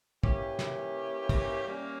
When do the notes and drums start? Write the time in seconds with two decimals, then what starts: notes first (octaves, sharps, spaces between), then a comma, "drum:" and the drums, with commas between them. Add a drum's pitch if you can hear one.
0.23 E3 A#3 C#4 G4, drum: kick
0.59 drum: snare
1.29 drum: kick, cymbal
1.65 G3 A#3 C#4